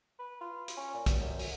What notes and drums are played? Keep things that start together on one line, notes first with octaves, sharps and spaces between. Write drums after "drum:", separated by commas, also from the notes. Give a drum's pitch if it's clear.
B4
F4
drum: hi-hat
C#4
A#2
G2, drum: kick, hi-hat
F#2
F#2, drum: open hi-hat